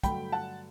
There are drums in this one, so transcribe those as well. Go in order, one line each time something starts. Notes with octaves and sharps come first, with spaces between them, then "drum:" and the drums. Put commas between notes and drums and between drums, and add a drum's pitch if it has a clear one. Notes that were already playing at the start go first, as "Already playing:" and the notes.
G2 D3 F#3 A3 G5 B5, drum: kick, hi-hat
F#5 A5